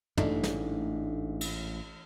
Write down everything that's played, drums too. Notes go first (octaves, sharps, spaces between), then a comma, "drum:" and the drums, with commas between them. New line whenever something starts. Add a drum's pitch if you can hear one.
A1 G#2 A3 D4 D#4, drum: tom
drum: snare
drum: cymbal